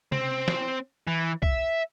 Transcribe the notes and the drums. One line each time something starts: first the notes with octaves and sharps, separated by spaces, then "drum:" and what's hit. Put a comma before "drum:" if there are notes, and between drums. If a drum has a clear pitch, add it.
C4, drum: tom C3
drum: snare
E3
E5, drum: kick